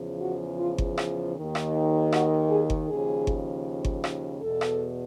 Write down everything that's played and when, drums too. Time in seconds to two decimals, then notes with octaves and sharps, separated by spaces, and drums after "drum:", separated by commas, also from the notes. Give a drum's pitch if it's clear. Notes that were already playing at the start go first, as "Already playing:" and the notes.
Already playing: E2 C#3 F3
0.21 F#4
0.59 F4
0.78 drum: kick G1
0.98 drum: rim click
1.35 D#2 D#3
1.55 drum: rim click
2.12 F#4, drum: rim click
2.50 G#4
2.70 drum: kick G1
2.88 D#2 C#3 F3 G#4
3.27 drum: kick G1
3.85 drum: kick G1
4.04 drum: rim click
4.41 E2 B2 A4
4.61 drum: rim click